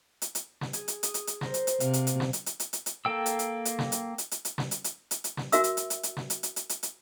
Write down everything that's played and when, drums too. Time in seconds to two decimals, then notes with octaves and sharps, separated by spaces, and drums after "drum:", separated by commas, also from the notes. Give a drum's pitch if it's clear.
0.22 drum: hi-hat
0.35 drum: hi-hat
0.61 drum: snare
0.73 G#4, drum: hi-hat
0.88 drum: hi-hat
1.03 D#6, drum: hi-hat
1.14 drum: hi-hat
1.27 drum: hi-hat
1.41 A#4 C5, drum: snare
1.54 drum: hi-hat
1.67 drum: hi-hat
1.80 C3 F5, drum: hi-hat
1.93 drum: hi-hat
2.07 drum: hi-hat
2.20 drum: snare
2.33 drum: hi-hat
2.46 drum: hi-hat
2.60 drum: hi-hat
2.73 drum: hi-hat
2.86 drum: hi-hat
3.05 A#3 A4 G5 E6
3.26 drum: hi-hat
3.39 drum: hi-hat
3.65 drum: hi-hat
3.79 drum: snare
3.92 drum: hi-hat
4.18 drum: hi-hat
4.31 drum: hi-hat
4.45 drum: hi-hat
4.58 drum: snare
4.71 drum: hi-hat
4.84 drum: hi-hat
5.11 drum: hi-hat
5.24 drum: hi-hat
5.37 drum: snare
5.52 F#4 A#4 E5 E6, drum: hi-hat
5.64 drum: hi-hat
5.77 drum: hi-hat
5.90 drum: hi-hat
6.03 drum: hi-hat
6.17 drum: snare
6.30 drum: hi-hat
6.43 drum: hi-hat
6.56 drum: hi-hat
6.69 drum: hi-hat
6.83 drum: hi-hat